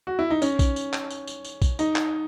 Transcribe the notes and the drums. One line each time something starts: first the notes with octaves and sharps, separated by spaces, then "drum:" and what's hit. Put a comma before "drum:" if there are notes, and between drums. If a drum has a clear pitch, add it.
F#4
E4
D#4
C#4, drum: tambourine
drum: kick A#1, tambourine
drum: tambourine
drum: clap
drum: tambourine
drum: tambourine
drum: tambourine
drum: kick A#1, tambourine
D#4, drum: tambourine
drum: clap